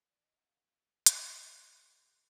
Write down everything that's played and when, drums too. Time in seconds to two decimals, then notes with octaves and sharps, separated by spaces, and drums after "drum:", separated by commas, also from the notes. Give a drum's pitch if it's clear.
0.11 D5
0.24 D#5
0.37 F#5
0.49 F5
0.68 F5
1.06 drum: hi-hat
1.26 A4
1.39 A#4
1.52 A4
2.03 G#4